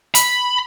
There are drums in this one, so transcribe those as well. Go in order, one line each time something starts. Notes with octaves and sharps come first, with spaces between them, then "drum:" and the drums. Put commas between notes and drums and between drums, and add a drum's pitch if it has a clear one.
B5, drum: hi-hat